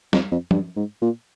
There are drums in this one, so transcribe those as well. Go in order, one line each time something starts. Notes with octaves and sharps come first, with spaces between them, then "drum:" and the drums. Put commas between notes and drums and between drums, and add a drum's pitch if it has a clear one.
F2, drum: snare
F2
G2, drum: tom F3
G#2
A#2